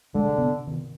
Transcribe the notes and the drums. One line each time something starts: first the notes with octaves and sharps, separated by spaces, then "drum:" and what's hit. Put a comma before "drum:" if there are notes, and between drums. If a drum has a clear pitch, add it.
D3 G#3
drum: tom C3
B3
drum: tom D#3